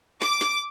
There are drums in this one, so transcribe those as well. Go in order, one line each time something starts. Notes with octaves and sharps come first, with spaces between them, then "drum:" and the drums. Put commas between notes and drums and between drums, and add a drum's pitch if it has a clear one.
D6, drum: snare
drum: snare